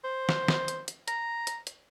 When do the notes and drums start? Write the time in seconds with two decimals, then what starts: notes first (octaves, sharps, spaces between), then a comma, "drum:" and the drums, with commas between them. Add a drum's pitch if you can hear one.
0.04 C5
0.29 drum: snare
0.48 drum: snare
0.68 drum: hi-hat
0.88 drum: hi-hat
1.08 A#5, drum: hi-hat
1.47 drum: hi-hat
1.67 drum: hi-hat